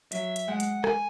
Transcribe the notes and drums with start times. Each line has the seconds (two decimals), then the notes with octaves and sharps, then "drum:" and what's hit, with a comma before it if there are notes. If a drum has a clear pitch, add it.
0.12 F#3 E5, drum: hi-hat
0.36 drum: hi-hat
0.48 G#3 F#5
0.60 drum: hi-hat
0.84 G#5, drum: rim click